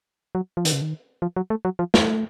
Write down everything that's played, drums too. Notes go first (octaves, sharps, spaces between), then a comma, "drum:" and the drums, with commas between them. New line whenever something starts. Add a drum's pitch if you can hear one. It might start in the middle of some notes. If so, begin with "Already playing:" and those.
F#3
F3
D#3, drum: hi-hat
C#3
D#3
F3
F#3
A3
F#3
F3
A3, drum: snare